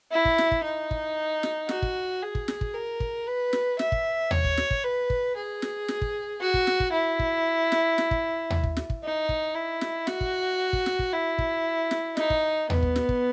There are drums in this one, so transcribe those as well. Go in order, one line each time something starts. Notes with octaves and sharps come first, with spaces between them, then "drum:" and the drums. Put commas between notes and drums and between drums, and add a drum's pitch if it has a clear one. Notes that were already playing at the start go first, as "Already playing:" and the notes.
E4
drum: kick
drum: snare
drum: kick
D#4
drum: kick
drum: snare
F#4, drum: snare
drum: kick
G#4
drum: kick
drum: snare
drum: kick
A#4
drum: kick
B4
drum: snare
E5, drum: snare
drum: kick
C#5, drum: tom D#2
drum: kick
drum: snare
drum: kick
B4
drum: kick
G#4
drum: snare
drum: snare
drum: kick
F#4
drum: kick
drum: snare
drum: kick
E4
drum: kick
drum: snare
drum: snare
drum: kick
drum: tom D#2
drum: kick
drum: snare
drum: kick
D#4
drum: kick
E4
drum: snare
F#4, drum: snare
drum: kick
drum: kick
drum: snare
drum: kick
E4
drum: kick
drum: snare
D#4, drum: snare
drum: kick
B3, drum: tom D#2
drum: kick
drum: snare
drum: kick